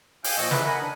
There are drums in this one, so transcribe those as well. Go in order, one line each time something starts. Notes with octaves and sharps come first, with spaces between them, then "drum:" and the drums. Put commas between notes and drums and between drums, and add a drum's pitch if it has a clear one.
F5 G5 G#5 F6 G6, drum: open hi-hat
A#2 F3 D#5 C#6 E6
C#3 E3 A3 B4, drum: snare
A#4 D#5 F#5 G#5 B5
D4